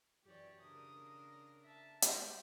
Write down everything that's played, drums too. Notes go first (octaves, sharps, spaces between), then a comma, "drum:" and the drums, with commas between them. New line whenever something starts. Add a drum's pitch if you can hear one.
F#2 E3 G4 C#5 D5
C#3 D4 A#4 D#6
E5 A5
G3 E4 G4 C5 E5, drum: hi-hat